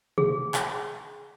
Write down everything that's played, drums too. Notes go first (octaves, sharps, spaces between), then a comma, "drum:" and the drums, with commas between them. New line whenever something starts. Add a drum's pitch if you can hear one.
G#4, drum: tom
drum: clap